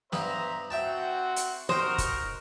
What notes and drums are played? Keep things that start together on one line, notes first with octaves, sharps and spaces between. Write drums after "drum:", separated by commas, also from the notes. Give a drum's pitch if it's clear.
G2 B3 C5 E5 A#5 B5, drum: snare
C4 F#4 E5 G5 A5
drum: hi-hat
D#4 F#4 A#4 C5 G5 D#6, drum: snare
drum: kick F#1, hi-hat